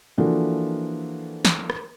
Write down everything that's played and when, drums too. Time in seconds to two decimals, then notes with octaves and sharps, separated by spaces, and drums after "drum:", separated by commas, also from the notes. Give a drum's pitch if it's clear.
0.18 E3 F3 A#3 D4 F#4 A4
1.45 drum: snare
1.70 drum: rim click